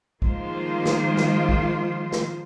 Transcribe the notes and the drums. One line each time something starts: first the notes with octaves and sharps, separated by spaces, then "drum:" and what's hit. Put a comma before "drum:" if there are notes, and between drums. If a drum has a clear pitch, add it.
D#3 F3 G#3 A#3 F4 C5, drum: kick B1
drum: snare
drum: snare
drum: kick B1
drum: snare